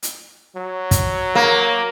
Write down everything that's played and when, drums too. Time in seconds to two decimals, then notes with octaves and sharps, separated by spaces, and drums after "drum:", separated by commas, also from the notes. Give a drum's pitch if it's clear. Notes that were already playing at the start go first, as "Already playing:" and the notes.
0.03 drum: hi-hat
0.56 F#3
0.91 drum: kick, hi-hat
1.35 A#3